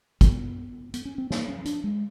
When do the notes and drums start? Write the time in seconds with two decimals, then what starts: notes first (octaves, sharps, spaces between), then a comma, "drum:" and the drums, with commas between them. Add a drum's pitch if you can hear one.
0.21 B3, drum: kick, hi-hat
0.94 B3, drum: hi-hat
1.05 C#4
1.18 C4
1.30 A#3, drum: snare
1.48 C#4
1.65 D4, drum: hi-hat
1.84 G#3